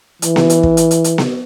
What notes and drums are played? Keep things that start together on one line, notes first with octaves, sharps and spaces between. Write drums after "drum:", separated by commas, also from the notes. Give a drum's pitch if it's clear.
E3, drum: hi-hat
drum: snare B3
drum: hi-hat
drum: kick
drum: hi-hat
drum: hi-hat
drum: hi-hat
drum: snare B3